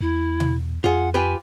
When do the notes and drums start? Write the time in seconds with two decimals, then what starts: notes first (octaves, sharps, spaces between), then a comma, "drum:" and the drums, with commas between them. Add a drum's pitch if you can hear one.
0.01 E2 E4
0.40 drum: tom B2
0.84 F2 F4 G#4 F#5
1.14 F4 G4 B4 G#5